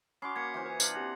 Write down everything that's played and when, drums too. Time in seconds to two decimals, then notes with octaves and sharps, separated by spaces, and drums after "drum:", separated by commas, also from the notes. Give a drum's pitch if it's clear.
0.22 C#4 F#4 B5 C6 D6 D#6 C7
0.36 A#3 G#6 B6 C#7
0.54 E3 F4 C5
0.66 B4 G#5
0.80 D4 F5 F#7, drum: tambourine
0.95 C4 G4 F#5 A#6